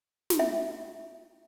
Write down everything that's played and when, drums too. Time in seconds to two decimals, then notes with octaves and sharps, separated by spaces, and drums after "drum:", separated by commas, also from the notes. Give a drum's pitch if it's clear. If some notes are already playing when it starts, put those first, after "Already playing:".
0.30 drum: snare
0.39 E5